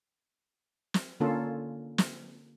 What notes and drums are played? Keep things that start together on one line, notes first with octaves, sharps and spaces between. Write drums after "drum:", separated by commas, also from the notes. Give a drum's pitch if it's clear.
drum: snare
D3 A#3 C#4 F4 A4
drum: snare